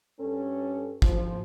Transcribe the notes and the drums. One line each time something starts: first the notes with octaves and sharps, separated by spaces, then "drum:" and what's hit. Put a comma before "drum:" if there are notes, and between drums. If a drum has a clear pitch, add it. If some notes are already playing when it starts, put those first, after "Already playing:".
G2 C#4 A4
F3, drum: kick